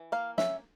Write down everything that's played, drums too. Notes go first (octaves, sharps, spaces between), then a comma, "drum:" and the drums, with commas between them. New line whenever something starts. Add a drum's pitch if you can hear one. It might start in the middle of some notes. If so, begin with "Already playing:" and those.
Already playing: E3
A#3 F5
C#4 E5, drum: snare